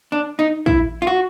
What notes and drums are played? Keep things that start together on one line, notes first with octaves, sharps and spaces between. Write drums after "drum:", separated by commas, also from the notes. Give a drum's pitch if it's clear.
D4
D#4
E4, drum: kick
F4
F#4